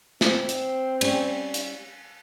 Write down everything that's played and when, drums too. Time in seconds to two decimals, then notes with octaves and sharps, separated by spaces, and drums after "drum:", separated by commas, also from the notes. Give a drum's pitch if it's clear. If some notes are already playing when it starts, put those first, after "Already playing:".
0.21 C4, drum: snare
0.49 drum: hi-hat
1.01 G3 C#4, drum: cymbal
1.54 drum: hi-hat